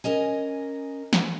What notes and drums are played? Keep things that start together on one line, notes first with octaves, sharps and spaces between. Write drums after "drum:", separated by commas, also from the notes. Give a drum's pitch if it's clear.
C#4 A#4 D#5 G#5
drum: snare